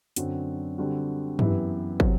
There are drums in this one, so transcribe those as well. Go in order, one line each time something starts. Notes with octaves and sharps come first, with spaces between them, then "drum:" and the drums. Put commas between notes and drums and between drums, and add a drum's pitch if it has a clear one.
F#2 D3 F#3 C4 F#4, drum: hi-hat
D3 G3 C4 F#4
F#2 E3 B3 E4 G4, drum: tom G2
C3 F#3 C4, drum: kick